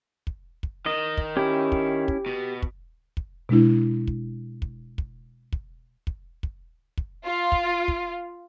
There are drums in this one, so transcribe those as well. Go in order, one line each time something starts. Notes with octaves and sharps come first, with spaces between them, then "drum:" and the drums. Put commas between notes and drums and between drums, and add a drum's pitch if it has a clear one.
drum: kick
drum: kick
D#3 D#5
drum: kick
C#4 E4 G4
drum: kick
drum: kick
B2
drum: kick
drum: kick
B2 G#3 D4 E4
drum: kick
drum: kick
drum: kick
drum: kick
drum: kick
drum: kick
drum: kick
F4
drum: kick
drum: kick